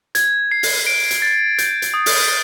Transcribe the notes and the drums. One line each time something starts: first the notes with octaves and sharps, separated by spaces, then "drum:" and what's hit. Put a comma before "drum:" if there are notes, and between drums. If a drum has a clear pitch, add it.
G#6, drum: hi-hat
C7
drum: open hi-hat
D7
drum: hi-hat
A6
G6, drum: hi-hat
drum: hi-hat
D#6
drum: open hi-hat